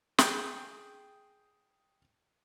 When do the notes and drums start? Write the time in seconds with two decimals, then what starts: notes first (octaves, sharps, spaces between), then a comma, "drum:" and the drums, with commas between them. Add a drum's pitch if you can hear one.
0.18 G#4 G5, drum: snare